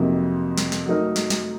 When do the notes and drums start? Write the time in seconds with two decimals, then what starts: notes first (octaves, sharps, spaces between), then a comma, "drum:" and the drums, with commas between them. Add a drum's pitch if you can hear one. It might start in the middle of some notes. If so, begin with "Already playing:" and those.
Already playing: F2 C3 F#3 A#3 D#4
0.58 drum: snare
0.72 drum: snare
0.86 F#3 A3 D#4 A#4
1.16 drum: snare
1.30 drum: snare